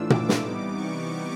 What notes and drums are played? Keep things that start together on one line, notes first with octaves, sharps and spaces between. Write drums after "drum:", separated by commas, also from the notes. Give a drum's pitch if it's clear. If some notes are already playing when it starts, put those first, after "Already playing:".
Already playing: A2 E3 A3 D4 F4 E6
D6, drum: tom A#2
drum: snare
C3 E3 G3 B3 D#4 D6
C#6